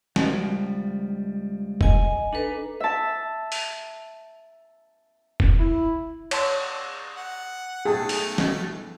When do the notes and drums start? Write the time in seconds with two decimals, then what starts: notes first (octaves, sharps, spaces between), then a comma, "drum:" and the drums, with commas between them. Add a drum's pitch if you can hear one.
0.16 C#2 F3 G3, drum: snare
1.81 D#5 G#5, drum: kick E1
2.33 D4 D#4 A4 B4
2.80 E5 A5
3.52 drum: open hi-hat
5.40 drum: kick E1
5.58 E4
6.31 C#5 A5 C6, drum: cymbal
7.16 F#5
7.85 B1 A3 G#4 G5 A5
8.09 drum: open hi-hat
8.38 drum: snare